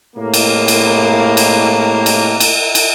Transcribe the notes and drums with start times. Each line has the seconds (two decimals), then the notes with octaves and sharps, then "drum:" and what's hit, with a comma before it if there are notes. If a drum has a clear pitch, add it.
0.16 A2 C3 G#3 A#3
0.34 drum: cymbal
0.68 drum: cymbal
1.37 drum: cymbal
2.06 drum: cymbal
2.40 drum: cymbal
2.75 drum: cymbal